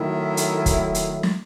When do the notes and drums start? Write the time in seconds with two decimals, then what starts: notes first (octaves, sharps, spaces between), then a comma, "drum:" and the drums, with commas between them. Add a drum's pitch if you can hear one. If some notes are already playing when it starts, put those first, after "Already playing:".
Already playing: D#3 F#3 A3 E4
0.37 drum: hi-hat
0.66 drum: kick, hi-hat
0.95 drum: hi-hat
1.23 drum: snare